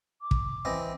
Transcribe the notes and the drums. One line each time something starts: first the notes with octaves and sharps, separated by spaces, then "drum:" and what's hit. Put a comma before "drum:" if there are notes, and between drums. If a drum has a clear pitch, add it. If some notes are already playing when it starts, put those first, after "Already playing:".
D6
drum: kick
E3 C4 D#5